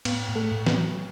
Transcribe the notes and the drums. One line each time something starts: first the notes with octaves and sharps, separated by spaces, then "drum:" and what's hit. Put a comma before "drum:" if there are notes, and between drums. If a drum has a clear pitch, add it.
A2 B3, drum: cymbal
A2
A3 A4
A2
B3 B4, drum: snare
F#3